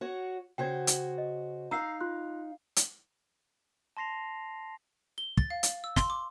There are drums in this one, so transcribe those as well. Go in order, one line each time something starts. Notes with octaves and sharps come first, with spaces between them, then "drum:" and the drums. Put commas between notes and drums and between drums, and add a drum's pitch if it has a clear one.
F#4 C#5
C#3 F#4 C5 G5 G#6
drum: hi-hat
D#5
D#4 F5 A#5 E6 C7
F4 C6 F#6
drum: hi-hat
A5 C6 A#6 C7 F7
G7
A6, drum: kick
F5
drum: hi-hat
E6
C6, drum: snare
D6